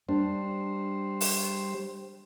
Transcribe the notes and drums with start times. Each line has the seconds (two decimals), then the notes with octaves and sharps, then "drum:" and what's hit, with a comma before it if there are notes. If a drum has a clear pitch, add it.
0.09 G3 D4 C5
1.21 drum: open hi-hat